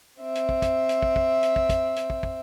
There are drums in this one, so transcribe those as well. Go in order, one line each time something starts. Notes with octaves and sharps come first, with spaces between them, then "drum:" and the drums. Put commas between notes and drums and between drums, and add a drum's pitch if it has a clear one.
C4 E5
drum: hi-hat
drum: kick
drum: kick, hi-hat
drum: hi-hat
drum: kick
drum: kick
drum: hi-hat
drum: kick
drum: kick, hi-hat
drum: hi-hat
drum: kick
drum: kick